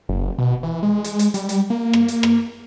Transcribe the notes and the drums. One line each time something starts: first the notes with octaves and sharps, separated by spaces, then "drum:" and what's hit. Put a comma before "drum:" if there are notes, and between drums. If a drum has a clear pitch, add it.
F#1
B2
E3
G#3
drum: hi-hat
drum: hi-hat
G3, drum: hi-hat
drum: hi-hat
A#3
drum: rim click
drum: hi-hat
drum: rim click